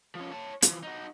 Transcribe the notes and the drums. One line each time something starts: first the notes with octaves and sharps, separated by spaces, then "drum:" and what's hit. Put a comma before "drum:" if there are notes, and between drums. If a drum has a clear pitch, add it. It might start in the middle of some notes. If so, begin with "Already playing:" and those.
F3 C#4
C#5 A5
E3 F3, drum: hi-hat
D#4 F#4